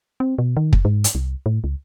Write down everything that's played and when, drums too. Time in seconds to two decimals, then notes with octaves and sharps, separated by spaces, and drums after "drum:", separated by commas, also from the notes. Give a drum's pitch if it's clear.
0.20 C4
0.38 B2
0.57 D#3
0.73 F1, drum: kick
0.85 G#2
1.04 drum: hi-hat
1.15 C2
1.46 A2
1.64 C#2